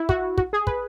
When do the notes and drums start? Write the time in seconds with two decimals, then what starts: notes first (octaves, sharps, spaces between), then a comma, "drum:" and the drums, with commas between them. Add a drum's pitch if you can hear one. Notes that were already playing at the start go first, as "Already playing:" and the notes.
Already playing: E4
0.09 F#4, drum: kick
0.38 F#4, drum: kick
0.53 G#4
0.67 B4, drum: kick